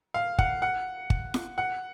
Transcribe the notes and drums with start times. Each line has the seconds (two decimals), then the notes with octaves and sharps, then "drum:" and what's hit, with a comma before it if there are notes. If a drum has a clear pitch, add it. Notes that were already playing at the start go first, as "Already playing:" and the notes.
0.14 F5
0.39 F#5, drum: kick G1
0.62 F#5
1.10 drum: kick G1
1.34 drum: snare
1.58 F#5